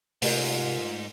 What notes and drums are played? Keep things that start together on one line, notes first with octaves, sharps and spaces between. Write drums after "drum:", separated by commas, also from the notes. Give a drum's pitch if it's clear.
G#2 C3 A3 F4 A#4, drum: open hi-hat